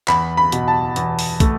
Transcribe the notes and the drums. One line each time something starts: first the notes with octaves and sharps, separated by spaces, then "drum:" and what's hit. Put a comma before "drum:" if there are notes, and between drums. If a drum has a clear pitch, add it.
E2 B5, drum: clap
B5
B2, drum: hi-hat
A5
E2, drum: hi-hat
drum: open hi-hat
A3, drum: kick, hi-hat